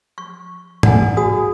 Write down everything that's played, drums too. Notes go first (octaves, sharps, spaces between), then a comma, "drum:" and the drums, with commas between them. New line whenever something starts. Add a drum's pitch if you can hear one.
C#6
D5 F#5 G#5, drum: tom G#2
F#4 G#4 D#6